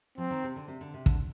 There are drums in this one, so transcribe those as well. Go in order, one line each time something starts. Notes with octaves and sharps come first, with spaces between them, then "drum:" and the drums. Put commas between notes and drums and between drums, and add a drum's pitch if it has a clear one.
F3 C4
D#3
C3
D3
C3
D3
C3
D3, drum: kick